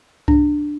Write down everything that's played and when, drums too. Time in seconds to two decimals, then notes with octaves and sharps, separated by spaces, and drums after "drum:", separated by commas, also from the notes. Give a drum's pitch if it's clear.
0.28 D4, drum: kick C2